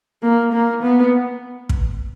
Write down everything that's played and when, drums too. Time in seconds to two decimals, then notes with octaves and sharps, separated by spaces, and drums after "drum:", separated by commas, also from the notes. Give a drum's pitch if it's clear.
0.23 A#3
0.53 A#3
0.83 B3
1.69 drum: kick